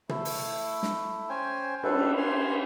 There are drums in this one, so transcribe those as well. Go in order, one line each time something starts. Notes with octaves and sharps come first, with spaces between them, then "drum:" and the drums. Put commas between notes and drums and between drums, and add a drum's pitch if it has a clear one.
A3 E4, drum: tom
drum: open hi-hat
drum: snare
C#4 C5 G5 G#5
G3 A4 B4, drum: cymbal
F5 G#5 C6